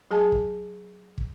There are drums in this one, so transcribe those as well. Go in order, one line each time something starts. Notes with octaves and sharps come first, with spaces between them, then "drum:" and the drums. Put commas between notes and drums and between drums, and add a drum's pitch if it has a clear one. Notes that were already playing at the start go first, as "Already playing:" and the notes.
F#3 G#4 G#5 A5
drum: kick
drum: kick